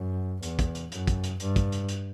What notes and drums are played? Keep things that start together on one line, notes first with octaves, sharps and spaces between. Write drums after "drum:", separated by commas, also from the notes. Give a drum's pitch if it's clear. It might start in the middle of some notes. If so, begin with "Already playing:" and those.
Already playing: F#2
E2, drum: hi-hat
drum: kick, hi-hat
drum: hi-hat
F#2, drum: hi-hat
drum: kick, hi-hat
drum: hi-hat
G2, drum: hi-hat
drum: kick, hi-hat
drum: hi-hat
drum: hi-hat